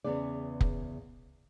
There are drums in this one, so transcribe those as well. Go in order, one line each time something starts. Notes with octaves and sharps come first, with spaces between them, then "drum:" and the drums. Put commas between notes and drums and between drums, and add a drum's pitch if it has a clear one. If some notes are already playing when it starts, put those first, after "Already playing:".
E2 C#3 B3 G#4 D5
drum: kick